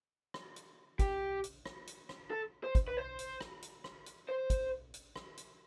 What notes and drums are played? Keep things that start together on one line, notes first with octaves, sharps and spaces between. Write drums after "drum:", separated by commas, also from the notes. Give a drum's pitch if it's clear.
drum: rim click
drum: hi-hat
G4, drum: kick, hi-hat
drum: hi-hat
drum: rim click
drum: hi-hat
drum: rim click
A4
C5
drum: kick, hi-hat
B4
C5
drum: hi-hat
drum: rim click
drum: hi-hat
drum: rim click
drum: hi-hat
C5
drum: kick, hi-hat
drum: hi-hat
drum: rim click
drum: hi-hat